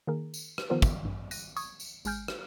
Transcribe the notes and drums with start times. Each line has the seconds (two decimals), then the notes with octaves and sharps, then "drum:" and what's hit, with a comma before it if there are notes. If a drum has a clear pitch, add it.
0.07 D#3 A#3 G#4 A#4
0.34 drum: tambourine
0.58 drum: rim click
0.70 D#3 F3 B3 F4 A#4 C5
0.82 drum: kick, tambourine
1.03 A1 G2
1.31 F#6 A#6 D#7, drum: tambourine
1.57 C#6 D#6 G#6, drum: tambourine
1.80 drum: tambourine
2.05 G#1 G#3 G#5 F6 G6 D7, drum: tambourine
2.28 drum: rim click